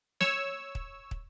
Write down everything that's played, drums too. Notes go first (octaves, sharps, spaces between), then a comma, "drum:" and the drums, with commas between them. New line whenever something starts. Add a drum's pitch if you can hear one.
C#5 E6, drum: snare
drum: kick
drum: kick